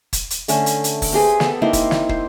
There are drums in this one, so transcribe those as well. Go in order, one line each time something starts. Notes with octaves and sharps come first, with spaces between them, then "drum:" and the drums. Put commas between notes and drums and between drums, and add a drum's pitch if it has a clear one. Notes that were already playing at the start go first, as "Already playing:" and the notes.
drum: kick, hi-hat
drum: hi-hat
D3 A3 C#4, drum: hi-hat
drum: hi-hat
drum: hi-hat
drum: kick, open hi-hat
C4 G4 G#4 B4
B3 A4, drum: snare
A#3 C4 D#4 E4
drum: kick, hi-hat
drum: snare
C5, drum: kick